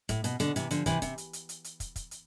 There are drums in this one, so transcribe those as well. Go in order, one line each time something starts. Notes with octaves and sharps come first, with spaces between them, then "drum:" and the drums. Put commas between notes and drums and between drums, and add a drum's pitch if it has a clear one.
A2, drum: kick, hi-hat
B2, drum: hi-hat
B2 D3, drum: hi-hat
C3 E3, drum: hi-hat
D3 F3, drum: hi-hat
C3 E3, drum: kick, hi-hat
C3, drum: kick, hi-hat
drum: hi-hat
drum: hi-hat
drum: hi-hat
drum: hi-hat
drum: kick, hi-hat
drum: kick, hi-hat
drum: hi-hat